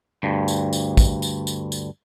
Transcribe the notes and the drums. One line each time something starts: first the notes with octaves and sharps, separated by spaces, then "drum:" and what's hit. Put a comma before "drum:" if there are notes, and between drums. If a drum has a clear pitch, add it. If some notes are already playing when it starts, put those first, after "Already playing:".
D2 G2
drum: tambourine
drum: tambourine
drum: kick, tambourine
drum: tambourine
drum: tambourine
drum: tambourine